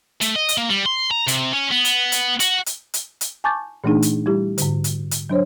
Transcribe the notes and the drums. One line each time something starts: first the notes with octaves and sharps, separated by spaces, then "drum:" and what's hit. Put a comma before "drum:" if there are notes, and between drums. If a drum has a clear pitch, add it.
A3, drum: hi-hat
D#5
drum: hi-hat
A#3
G3
C6
A#5
C3, drum: hi-hat
C#4
B3
drum: hi-hat
drum: hi-hat
F#4, drum: hi-hat
drum: hi-hat
drum: hi-hat
drum: hi-hat
G#5 A5 C#6 D6 G6 A6
A#2 E3 A3 D4 D#4 G#4
drum: hi-hat
G3 E4 G4
G#2 D3, drum: hi-hat
drum: hi-hat
drum: hi-hat
F#3 D4 C5 C#5